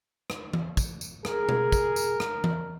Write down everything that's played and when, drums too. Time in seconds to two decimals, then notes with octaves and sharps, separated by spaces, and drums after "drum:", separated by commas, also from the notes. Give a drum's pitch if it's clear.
0.30 drum: rim click
0.53 drum: tom E3
0.77 drum: kick, tambourine
1.01 drum: tambourine
1.25 G#4 A#4, drum: rim click
1.49 drum: tom B2
1.72 drum: kick, tambourine
1.96 drum: tambourine
2.20 drum: rim click
2.44 drum: tom E3